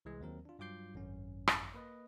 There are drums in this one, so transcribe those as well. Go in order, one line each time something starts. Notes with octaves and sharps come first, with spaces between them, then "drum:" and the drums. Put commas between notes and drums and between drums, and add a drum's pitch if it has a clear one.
C2 E3 G#3
D#2 F#3 C4 A#4
D4 F4
G2 F#3 F4 D6 G6 C7
G#1 F#2 C#4
drum: rim click
A#3 B4 D#5